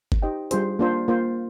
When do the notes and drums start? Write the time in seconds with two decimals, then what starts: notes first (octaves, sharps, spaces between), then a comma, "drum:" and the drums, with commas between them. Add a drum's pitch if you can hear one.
0.12 drum: kick G1
0.22 D#4 G4 C5 D#5 G5
0.51 G3 D4 F4 G#4 C5, drum: hi-hat
0.79 A#3 D4 F4 C5
1.08 A#3 F4 C5